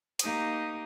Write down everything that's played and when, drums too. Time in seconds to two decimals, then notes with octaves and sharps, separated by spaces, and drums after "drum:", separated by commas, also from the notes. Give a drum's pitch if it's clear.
0.19 A#3 D#4 G4 D#6, drum: hi-hat